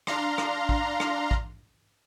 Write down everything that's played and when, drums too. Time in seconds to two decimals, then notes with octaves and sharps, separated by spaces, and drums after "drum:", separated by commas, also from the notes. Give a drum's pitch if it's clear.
0.07 D4 F5 A#5 C6, drum: rim click
0.38 drum: rim click
0.69 drum: kick A1
1.00 drum: rim click
1.31 drum: kick A1